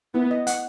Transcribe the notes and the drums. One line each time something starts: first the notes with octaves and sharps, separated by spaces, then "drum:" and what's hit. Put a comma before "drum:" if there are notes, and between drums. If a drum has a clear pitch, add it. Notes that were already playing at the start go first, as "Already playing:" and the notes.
B3 E4
D#5
F#5, drum: hi-hat